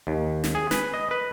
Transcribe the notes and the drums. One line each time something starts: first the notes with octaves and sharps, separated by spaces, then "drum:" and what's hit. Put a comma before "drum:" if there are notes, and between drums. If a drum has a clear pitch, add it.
D#2
drum: snare
G#4
B4, drum: snare
D#5
B4